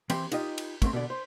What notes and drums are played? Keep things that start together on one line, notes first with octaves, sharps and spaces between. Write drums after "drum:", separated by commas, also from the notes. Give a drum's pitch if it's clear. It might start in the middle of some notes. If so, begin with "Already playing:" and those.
E3 C4 G4 C5 B5, drum: cymbal
D#4 F4 G4 D#5, drum: cymbal
drum: cymbal
A3 A#3 C4, drum: kick, cymbal
B2 D3 D5
C5